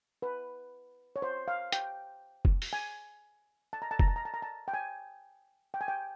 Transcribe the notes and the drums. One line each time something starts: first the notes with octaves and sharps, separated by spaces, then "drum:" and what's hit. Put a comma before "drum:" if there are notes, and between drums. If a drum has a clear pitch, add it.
B4
C#5
C5
F5
G5, drum: hi-hat
drum: kick
drum: open hi-hat
G#5
A5
A#5
A5
A#5, drum: kick
A5
A#5
A5
A#5
A5
G5
G#5
G5
G#5
G5